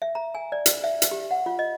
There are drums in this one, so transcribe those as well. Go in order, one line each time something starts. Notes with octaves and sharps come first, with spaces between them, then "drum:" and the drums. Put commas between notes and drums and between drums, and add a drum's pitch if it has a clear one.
E5
A#5
G#5
D5
drum: hi-hat
E5
drum: hi-hat
G4
F#5
F4
D#5